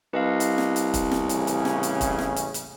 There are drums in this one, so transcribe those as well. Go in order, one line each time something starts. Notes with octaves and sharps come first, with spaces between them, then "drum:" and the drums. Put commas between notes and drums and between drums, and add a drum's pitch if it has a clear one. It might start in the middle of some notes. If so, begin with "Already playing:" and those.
C2 B4 D#5 F5
drum: hi-hat
drum: snare
drum: hi-hat
drum: kick, hi-hat
drum: snare
A1 C#3 C#4, drum: hi-hat
drum: hi-hat
drum: snare
drum: hi-hat
drum: kick, hi-hat
drum: snare
drum: hi-hat
drum: hi-hat